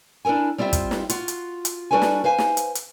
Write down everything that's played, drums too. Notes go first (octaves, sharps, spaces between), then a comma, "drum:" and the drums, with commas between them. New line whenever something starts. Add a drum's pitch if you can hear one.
D4 E4 A4 A#4 G#5
G3 C4 F4 G4 E5
drum: kick, hi-hat
drum: snare
F4 F#4, drum: hi-hat
drum: hi-hat
drum: hi-hat
G3 D4 F#4 A4 B4 G#5
drum: snare
B4 C5 F5 G#5
drum: snare
drum: hi-hat
drum: hi-hat